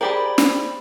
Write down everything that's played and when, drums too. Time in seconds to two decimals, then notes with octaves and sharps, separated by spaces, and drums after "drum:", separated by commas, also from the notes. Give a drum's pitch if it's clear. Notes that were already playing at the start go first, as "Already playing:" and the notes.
0.01 G4 G#4 A#4 C5 D5 B5
0.38 drum: snare